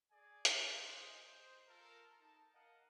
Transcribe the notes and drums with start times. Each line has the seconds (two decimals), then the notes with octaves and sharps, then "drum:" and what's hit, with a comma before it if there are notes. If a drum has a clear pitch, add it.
0.12 G#4 D5 G#5
0.45 drum: hi-hat
0.71 G#4 C5 D#5
1.26 C5
1.68 F4 A4 A#4
2.19 D#4 A5
2.54 A#4 D#5 F5 F#5